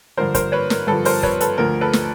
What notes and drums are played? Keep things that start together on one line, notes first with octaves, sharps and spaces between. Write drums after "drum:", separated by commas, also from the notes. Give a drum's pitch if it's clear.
G2 D3 F3 A#4 C5
A#4 C5, drum: kick, hi-hat
B4 C#5
A#4, drum: snare
G2 D3 F3 A4 B4
A#4 C5, drum: open hi-hat
B4 C#5, drum: kick
A4 B4, drum: hi-hat
D2 D3 F3 A#4
A4 B4
drum: snare